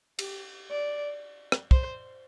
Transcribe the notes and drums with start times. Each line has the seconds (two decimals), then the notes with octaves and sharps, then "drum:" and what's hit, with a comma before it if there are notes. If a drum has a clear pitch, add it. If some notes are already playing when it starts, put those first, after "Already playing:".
0.19 G4, drum: cymbal
0.70 D5
1.52 drum: rim click
1.71 C5, drum: kick